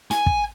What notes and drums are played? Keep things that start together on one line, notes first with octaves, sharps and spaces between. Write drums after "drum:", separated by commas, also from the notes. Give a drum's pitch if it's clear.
G#5, drum: snare
drum: kick